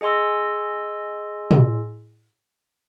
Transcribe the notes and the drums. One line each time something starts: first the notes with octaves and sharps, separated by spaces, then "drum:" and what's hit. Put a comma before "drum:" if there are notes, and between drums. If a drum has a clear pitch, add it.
G#4 D#5 G#5 C6 E6
drum: tom